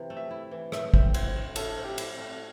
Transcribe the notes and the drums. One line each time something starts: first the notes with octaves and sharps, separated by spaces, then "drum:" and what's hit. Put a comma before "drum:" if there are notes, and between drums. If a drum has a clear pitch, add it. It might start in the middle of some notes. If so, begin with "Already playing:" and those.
Already playing: C3 E3 E4
A3
E5
E4
E3
A2 E5, drum: rim click
C4, drum: kick G#1
E4 C5, drum: cymbal
A3
A2 A4, drum: cymbal
C4
G4
E4, drum: cymbal
A3